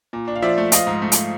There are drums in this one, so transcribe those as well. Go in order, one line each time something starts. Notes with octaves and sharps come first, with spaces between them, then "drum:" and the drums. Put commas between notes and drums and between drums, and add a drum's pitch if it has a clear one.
A#2
D4
F5
F3 D5 E5
A3
F3 D#5 F5, drum: hi-hat
G#2
A3
drum: hi-hat